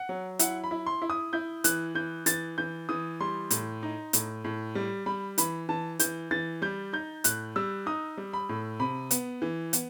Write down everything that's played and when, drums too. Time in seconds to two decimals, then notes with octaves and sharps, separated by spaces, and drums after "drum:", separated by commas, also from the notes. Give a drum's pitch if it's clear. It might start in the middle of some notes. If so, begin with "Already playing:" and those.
Already playing: F#5
0.09 F#3
0.39 E4 F#5, drum: hi-hat
0.64 B5
0.71 E4
0.86 C6
1.02 E4
1.10 D#6
1.33 E4 G6
1.64 E3 F#6, drum: hi-hat
1.95 E3 G6
2.26 E3 A6, drum: hi-hat
2.58 E3 G6
2.89 E3 D#6
3.20 G3 C6
3.50 A2, drum: hi-hat
3.83 D#4
4.13 A2, drum: hi-hat
4.44 A2
4.75 G3
5.06 G3 B5
5.38 E3 B5, drum: hi-hat
5.69 E3 A5
5.99 E3 G6, drum: hi-hat
6.31 E3 A6
6.62 G3 G6
6.93 D#4 G6
7.24 A2 F#6, drum: hi-hat
7.56 G3 E6
7.86 D#4 D#6
8.17 G3
8.33 B5
8.49 A2
8.80 C3 B5
9.11 B3, drum: hi-hat
9.42 E3
9.73 B3, drum: hi-hat